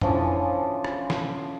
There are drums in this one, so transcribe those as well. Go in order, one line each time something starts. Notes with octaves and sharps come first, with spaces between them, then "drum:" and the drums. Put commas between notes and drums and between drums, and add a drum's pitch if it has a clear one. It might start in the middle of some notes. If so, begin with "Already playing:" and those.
D3 E3 F3 C#4, drum: tom F2
drum: rim click
drum: snare